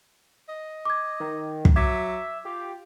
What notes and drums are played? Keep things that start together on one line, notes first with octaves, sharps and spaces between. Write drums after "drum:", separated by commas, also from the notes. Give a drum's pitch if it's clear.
D#5
D6 G#6
D#3
drum: kick
F#3 E5 D6 G#6 B6
F4 G4